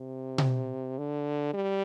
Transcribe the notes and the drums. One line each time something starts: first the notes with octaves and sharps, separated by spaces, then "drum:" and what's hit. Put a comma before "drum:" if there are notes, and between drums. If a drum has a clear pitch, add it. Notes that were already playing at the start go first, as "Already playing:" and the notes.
Already playing: C3
drum: tom B2
D3
G3